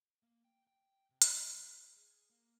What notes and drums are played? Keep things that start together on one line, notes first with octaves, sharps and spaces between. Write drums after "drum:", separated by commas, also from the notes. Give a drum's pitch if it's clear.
A#3
G5
G5
C3
drum: hi-hat
E3
G#4
G#4
A#3